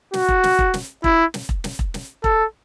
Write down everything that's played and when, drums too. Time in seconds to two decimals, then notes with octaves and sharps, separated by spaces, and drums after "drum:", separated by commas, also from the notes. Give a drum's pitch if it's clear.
0.14 F#4, drum: snare
0.28 drum: kick E1
0.44 drum: snare
0.59 drum: kick E1
0.74 drum: snare
1.04 E4, drum: kick E1
1.34 drum: snare
1.49 drum: kick E1
1.64 drum: snare
1.79 drum: kick E1
1.94 drum: snare
2.24 A4, drum: kick E1